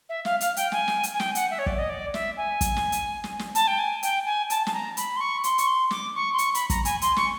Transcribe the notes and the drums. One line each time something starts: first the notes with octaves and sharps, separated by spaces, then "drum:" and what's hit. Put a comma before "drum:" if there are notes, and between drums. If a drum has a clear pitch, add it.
E5
F5, drum: snare
F5, drum: hi-hat
G5, drum: hi-hat
G#5, drum: snare
drum: snare
drum: hi-hat
G#5
G5, drum: snare
F#5, drum: hi-hat
E5
C#5
D5, drum: kick
D#5
D5
E5, drum: snare
G#5
drum: kick, hi-hat
drum: snare
drum: hi-hat
drum: snare
drum: snare
A5, drum: hi-hat
G5
G#5
G5, drum: hi-hat
G#5
A5, drum: hi-hat
A5, drum: snare
A#5
B5, drum: hi-hat
C6
C#6
C6, drum: hi-hat
C#6, drum: hi-hat
C6
D6, drum: snare
C#6
C6
C#6, drum: hi-hat
B5, drum: hi-hat
A#5, drum: kick, hi-hat
G#5, drum: hi-hat
C6, drum: hi-hat
C#6, drum: snare